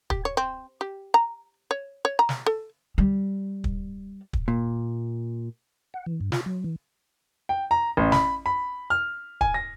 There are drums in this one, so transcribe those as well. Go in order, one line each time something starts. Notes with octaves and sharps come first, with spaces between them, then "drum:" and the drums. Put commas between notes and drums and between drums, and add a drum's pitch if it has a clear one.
G4, drum: kick
C#5
C4
G4
A#5
C#5
C#5
A#5
drum: snare
A4
G3
drum: kick
drum: kick
A#2
F#5
E3
G2
F4, drum: snare
F#3
E3
G5
A#5
A1
B5, drum: snare
B5
F6
G#5, drum: kick
A#6